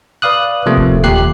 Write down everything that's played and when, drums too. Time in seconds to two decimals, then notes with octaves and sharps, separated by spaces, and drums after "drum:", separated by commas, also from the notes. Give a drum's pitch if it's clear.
0.22 B4 D5 F5 D#6 F#6
0.66 C3 F3 A3 A#3
0.77 drum: kick D#1
1.04 D#2 A#2 G4 F#6 C7